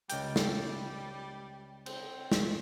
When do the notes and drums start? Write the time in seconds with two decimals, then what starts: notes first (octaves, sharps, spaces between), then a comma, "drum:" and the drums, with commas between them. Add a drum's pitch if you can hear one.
0.10 C#2 G3 G5, drum: hi-hat
0.36 drum: snare
1.86 C4, drum: cymbal
2.32 drum: snare